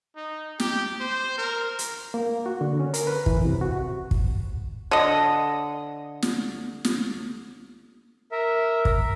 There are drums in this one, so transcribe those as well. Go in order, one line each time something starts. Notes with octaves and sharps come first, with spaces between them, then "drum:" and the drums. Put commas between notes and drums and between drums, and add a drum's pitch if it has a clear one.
D#4
G4, drum: snare
C5
A#4
drum: hi-hat
A#3
F#4
D3
C#4
A#4, drum: hi-hat
B4
E3, drum: kick
C3
F#4
drum: kick
D3 D#5
drum: snare
drum: snare
A#4 E5
drum: kick